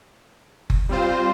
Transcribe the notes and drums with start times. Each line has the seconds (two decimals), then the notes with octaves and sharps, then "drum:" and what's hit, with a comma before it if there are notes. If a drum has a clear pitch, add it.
0.70 drum: kick F#1
0.89 G3 C4 F4 C5